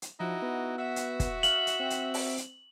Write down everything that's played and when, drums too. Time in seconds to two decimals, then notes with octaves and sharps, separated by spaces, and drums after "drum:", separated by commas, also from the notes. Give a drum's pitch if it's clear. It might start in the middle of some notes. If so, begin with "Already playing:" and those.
0.02 drum: hi-hat
0.20 F3 D#4 E4 F#4
0.42 B3
0.79 F#4 E5
0.96 drum: hi-hat
1.20 drum: kick, hi-hat
1.43 F5 F#7, drum: hi-hat
1.67 drum: hi-hat
1.79 C4
1.90 drum: hi-hat
2.14 drum: open hi-hat
2.37 drum: hi-hat